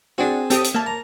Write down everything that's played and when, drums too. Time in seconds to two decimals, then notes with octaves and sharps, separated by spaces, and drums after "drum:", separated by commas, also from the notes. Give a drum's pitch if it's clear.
0.18 C4 D4 F#4 G#4
0.50 C4 G4 A4 D#6, drum: hi-hat
0.64 drum: hi-hat
0.74 A#3 E5 A5
0.86 A#5